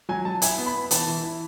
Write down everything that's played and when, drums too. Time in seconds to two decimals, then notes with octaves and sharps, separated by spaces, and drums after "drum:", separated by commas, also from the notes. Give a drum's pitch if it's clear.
0.09 F#3 G#5
0.25 F#3 A5
0.42 E4 G#5, drum: hi-hat
0.58 B3
0.66 B5
0.75 B3
0.91 E3 A5, drum: hi-hat
1.07 E3
1.23 E4